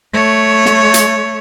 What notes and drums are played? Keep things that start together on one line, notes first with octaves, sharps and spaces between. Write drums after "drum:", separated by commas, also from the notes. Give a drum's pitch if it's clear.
A3 C#5
drum: snare
drum: hi-hat